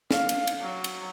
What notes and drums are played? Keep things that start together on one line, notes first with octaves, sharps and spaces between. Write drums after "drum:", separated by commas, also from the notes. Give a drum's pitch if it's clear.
F5, drum: snare
drum: cymbal
drum: cymbal
F#3
drum: cymbal